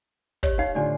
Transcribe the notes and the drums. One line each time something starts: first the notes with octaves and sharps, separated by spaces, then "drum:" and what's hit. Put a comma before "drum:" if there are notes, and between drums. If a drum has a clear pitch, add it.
G4 C#5 D#5, drum: kick
D#4 F5
A2 D3 F4 D5 G#5